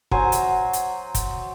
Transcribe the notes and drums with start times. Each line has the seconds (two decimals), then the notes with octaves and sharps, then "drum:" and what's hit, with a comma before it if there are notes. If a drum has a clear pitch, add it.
0.11 F#3 C5 G#5 A#5, drum: kick
0.32 drum: hi-hat
0.73 drum: hi-hat
1.15 drum: kick, hi-hat